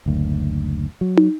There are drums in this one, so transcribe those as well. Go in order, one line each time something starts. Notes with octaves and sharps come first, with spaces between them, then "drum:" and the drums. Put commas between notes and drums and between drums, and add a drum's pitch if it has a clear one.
F#1 D2
F#3
drum: tom